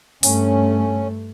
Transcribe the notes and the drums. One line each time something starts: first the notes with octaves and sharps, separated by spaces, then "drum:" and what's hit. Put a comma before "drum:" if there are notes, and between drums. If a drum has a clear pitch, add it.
G2 A3 C#4, drum: open hi-hat